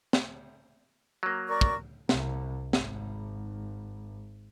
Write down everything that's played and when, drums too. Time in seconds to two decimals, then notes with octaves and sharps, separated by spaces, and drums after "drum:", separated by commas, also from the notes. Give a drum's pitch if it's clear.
0.13 drum: snare
1.23 F#3 A#3
1.47 A#4 D5 C#6
1.61 drum: kick
2.09 C2, drum: snare
2.73 G#1, drum: snare